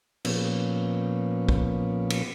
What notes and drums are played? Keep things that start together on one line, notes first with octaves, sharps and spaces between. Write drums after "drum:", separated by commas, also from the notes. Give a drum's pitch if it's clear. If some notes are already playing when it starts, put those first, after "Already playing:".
A#2 F3 B3 C#4, drum: cymbal
drum: kick
drum: cymbal